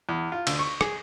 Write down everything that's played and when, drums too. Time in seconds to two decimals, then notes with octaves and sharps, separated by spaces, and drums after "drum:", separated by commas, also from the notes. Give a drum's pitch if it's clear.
0.09 E2
0.32 F4
0.47 D2, drum: cymbal
0.59 C#6
0.81 G#4, drum: rim click